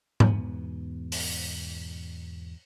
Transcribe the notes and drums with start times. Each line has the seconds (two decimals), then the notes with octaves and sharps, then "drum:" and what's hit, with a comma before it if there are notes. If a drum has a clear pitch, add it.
0.20 E2 G#2 B2 B3, drum: tom G#2
1.12 drum: open hi-hat